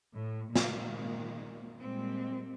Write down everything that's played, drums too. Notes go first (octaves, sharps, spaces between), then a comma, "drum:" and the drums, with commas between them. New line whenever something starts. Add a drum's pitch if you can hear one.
A2
A#2 D#3 G#3, drum: snare
A#2 G3 G#3 C4